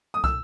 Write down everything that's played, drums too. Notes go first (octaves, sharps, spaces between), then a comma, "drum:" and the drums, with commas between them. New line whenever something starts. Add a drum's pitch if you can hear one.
D#6
E6, drum: kick